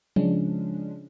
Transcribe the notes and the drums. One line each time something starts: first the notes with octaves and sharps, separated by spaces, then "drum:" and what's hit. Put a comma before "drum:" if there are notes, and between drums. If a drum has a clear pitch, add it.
C#3 F3 G#3 C#4 D4, drum: tom F3